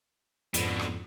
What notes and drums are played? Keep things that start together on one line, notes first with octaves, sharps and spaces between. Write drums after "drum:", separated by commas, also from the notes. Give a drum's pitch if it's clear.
F2 G#2 B2 D3, drum: hi-hat
drum: rim click